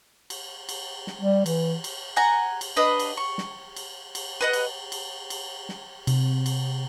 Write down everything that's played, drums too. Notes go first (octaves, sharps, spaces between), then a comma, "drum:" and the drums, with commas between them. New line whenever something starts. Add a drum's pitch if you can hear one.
drum: cymbal
drum: cymbal
drum: snare
G3
E3, drum: cymbal
drum: cymbal
F#5 G#5 A#5
drum: cymbal
D4 B4 D#5
drum: cymbal
C#6
drum: snare
drum: cymbal
drum: cymbal
B4 D#5 F#5
drum: cymbal
drum: cymbal
drum: cymbal
drum: snare
C3, drum: cymbal
drum: cymbal